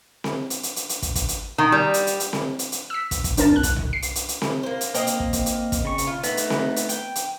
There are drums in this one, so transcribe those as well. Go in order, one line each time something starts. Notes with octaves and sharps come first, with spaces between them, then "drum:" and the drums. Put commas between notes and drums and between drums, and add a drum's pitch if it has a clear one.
drum: snare C4
drum: hi-hat
drum: hi-hat
drum: hi-hat
drum: hi-hat
drum: kick, hi-hat
drum: kick, hi-hat
drum: hi-hat
D#3
G3
drum: hi-hat
drum: hi-hat
drum: hi-hat
drum: snare C4
drum: hi-hat
drum: hi-hat
E6 B6
drum: kick, hi-hat
drum: kick, hi-hat
G1 D4 A#4 A5, drum: hi-hat
C2 F#6
drum: kick, hi-hat
drum: tom C2
C7
drum: hi-hat
drum: hi-hat
drum: hi-hat
drum: snare C4
A#3 C5
drum: hi-hat
A#3 C4 D#5, drum: hi-hat
drum: hi-hat
drum: kick
drum: kick, hi-hat
drum: hi-hat
drum: kick, hi-hat
C#3 C#6
drum: hi-hat
F4
A3 B3 D#4, drum: hi-hat
drum: hi-hat
drum: snare C4
drum: hi-hat
G5, drum: hi-hat
drum: hi-hat